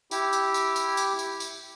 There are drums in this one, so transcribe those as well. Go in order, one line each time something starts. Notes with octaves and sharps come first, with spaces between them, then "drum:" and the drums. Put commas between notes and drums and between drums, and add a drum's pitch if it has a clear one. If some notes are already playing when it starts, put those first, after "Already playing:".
E4 G4, drum: tambourine
drum: tambourine
drum: tambourine
drum: tambourine
drum: tambourine
drum: tambourine
drum: tambourine